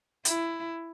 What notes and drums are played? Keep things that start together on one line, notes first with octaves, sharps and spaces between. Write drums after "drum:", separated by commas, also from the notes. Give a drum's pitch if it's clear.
E4, drum: hi-hat